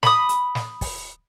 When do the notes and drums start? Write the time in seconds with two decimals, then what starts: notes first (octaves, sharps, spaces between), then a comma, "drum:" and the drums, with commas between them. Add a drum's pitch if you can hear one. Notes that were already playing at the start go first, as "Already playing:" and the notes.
0.03 B5 D#6, drum: snare
0.29 drum: hi-hat
0.55 drum: snare
0.81 drum: kick, open hi-hat